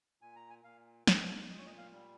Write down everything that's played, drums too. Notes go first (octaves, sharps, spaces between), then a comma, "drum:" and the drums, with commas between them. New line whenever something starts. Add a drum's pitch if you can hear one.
A#2 G#5
A#5
G#5
A#2 F5
A#2, drum: snare
A#2 D#5
C#5
D#5
F5
G3